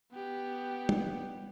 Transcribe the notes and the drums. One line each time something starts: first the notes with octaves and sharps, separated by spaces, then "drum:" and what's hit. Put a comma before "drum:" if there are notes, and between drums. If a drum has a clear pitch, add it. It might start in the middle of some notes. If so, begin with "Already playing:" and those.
B3 G4
drum: tom